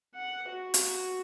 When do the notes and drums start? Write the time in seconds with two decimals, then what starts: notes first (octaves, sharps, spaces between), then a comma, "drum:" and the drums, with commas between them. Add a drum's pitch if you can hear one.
0.15 F#5
0.50 F#4
0.74 drum: hi-hat